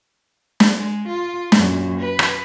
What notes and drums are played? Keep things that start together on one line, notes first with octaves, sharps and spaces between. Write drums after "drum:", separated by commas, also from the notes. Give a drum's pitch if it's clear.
drum: snare
G#3
F4
F#2 A#2, drum: snare
B4
drum: rim click